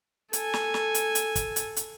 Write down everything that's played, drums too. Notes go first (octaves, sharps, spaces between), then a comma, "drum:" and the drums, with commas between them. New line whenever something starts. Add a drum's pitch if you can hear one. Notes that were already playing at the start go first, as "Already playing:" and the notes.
A4 G#5, drum: hi-hat
drum: snare
drum: snare
drum: hi-hat
drum: hi-hat
drum: kick, hi-hat
drum: hi-hat
drum: hi-hat